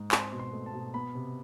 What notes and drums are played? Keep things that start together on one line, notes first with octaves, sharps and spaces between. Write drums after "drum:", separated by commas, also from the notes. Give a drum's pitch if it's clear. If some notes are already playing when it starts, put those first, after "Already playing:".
Already playing: G#2
C4 C6, drum: clap
B2
C6
A3
A5
B2
B3 B5
C3